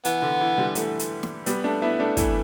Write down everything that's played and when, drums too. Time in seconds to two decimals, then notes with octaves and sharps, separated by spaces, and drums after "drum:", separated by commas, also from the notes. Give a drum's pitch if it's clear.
0.05 E3 B3, drum: hi-hat
0.22 D3
0.41 E3
0.58 D3 G3
0.75 E3 A3, drum: hi-hat
0.99 drum: hi-hat
1.23 drum: snare
1.46 G3 B3, drum: hi-hat
1.64 A3 D4
1.82 B3 E4
2.00 A3 D4
2.17 E3 A3, drum: kick, hi-hat